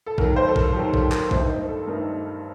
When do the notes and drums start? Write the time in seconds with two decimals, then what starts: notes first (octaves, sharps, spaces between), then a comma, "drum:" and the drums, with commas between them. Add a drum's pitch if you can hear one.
0.06 A4
0.18 D#2 D#3 F#3 A#4, drum: kick
0.36 C5
0.48 A4
0.56 A#4, drum: kick
0.74 D#2 D#3 F#3 G4
0.94 A4, drum: kick
1.12 A#4, drum: clap
1.31 G2 D#3 A3 D#4 C5, drum: kick
1.49 C5
1.69 A4
1.87 G2 D#3 A3 D#4 A#4